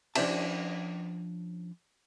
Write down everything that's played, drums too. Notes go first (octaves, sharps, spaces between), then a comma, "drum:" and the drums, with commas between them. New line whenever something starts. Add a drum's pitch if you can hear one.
F3 C#4 D4 C5 E5 A5, drum: cymbal